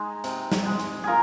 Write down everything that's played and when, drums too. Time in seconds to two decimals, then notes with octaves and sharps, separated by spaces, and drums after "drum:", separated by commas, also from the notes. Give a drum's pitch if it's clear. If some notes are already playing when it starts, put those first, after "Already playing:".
Already playing: G#3 D#4 G#4
0.24 C3, drum: hi-hat
0.52 drum: snare
0.66 G#3
0.80 drum: hi-hat
1.04 F4 G#4 A#4